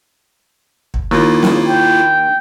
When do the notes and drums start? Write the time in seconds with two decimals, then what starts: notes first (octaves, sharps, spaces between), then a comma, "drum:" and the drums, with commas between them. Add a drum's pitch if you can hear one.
0.94 drum: kick
1.11 D#2 A#3 E4 F4
1.43 drum: snare
1.67 G5